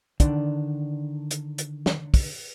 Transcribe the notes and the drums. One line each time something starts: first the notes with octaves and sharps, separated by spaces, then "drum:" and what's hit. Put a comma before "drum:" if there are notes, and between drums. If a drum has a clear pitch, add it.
D3 D#3 D4 D5, drum: kick, hi-hat
drum: hi-hat
drum: hi-hat
drum: snare
drum: kick, open hi-hat